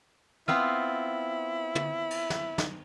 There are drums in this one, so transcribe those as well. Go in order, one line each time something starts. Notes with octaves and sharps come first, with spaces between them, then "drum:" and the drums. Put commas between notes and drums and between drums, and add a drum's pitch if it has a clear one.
B3 C4 E4 F4
drum: tom
drum: cymbal
drum: snare
drum: snare